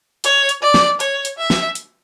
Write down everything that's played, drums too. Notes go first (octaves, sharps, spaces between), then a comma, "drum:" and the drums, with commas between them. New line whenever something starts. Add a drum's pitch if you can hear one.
C#5, drum: hi-hat
drum: hi-hat
D5
drum: snare
C#5, drum: hi-hat
drum: hi-hat
E5
drum: snare
drum: hi-hat